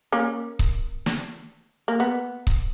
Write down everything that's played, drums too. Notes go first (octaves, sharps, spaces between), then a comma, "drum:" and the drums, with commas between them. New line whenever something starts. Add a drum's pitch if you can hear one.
A#3 C#4
drum: kick C#1
drum: snare
A#3
B3
drum: kick C#1